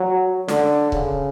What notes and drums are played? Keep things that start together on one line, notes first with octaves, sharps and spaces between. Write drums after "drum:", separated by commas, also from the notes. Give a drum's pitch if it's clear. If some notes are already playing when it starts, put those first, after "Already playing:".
Already playing: F#3
D3, drum: snare
C#3, drum: kick C#1